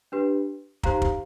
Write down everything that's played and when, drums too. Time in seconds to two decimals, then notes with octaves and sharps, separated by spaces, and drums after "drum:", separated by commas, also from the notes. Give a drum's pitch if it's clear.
0.12 D4 G4 B4
0.83 D#4 G4 C5 F5 A#5, drum: kick
1.02 drum: kick